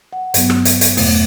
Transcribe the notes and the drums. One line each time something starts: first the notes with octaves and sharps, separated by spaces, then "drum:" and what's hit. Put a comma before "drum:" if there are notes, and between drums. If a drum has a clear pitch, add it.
F#5
G2 F#3 B3, drum: hi-hat
drum: rim click
drum: hi-hat
drum: hi-hat
E2 B2 A3, drum: open hi-hat